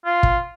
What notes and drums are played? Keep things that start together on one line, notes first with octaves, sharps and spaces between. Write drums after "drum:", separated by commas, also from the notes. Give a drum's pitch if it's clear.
F4
drum: kick